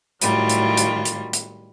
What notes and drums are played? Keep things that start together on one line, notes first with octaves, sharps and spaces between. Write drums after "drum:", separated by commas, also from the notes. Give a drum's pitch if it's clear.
A2 D#3 F#3 G3 F4, drum: hi-hat
drum: hi-hat
drum: hi-hat
drum: hi-hat
drum: hi-hat